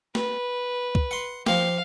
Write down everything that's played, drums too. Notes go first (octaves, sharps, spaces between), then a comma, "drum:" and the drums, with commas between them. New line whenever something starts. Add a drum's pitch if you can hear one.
B4, drum: snare
drum: kick
F#5 C6
F3 G4 F5, drum: snare